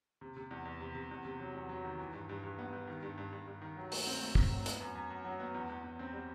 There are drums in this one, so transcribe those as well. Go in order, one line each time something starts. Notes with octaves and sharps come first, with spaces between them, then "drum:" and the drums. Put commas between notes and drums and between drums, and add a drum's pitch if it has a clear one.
C3
C3
E2
E2
C3
C3
E2
C3
F#3
E2
F#3
D#3
E3
G2
G2
G2
B3
G2
D#3
G2
G2
G2
G2
D#3
F#3
A3, drum: open hi-hat
C4
A3
A3, drum: kick
F#3
B3, drum: hi-hat
F#2
F#2
F#2
F#3
B3
E2
E2
E2
C4
G3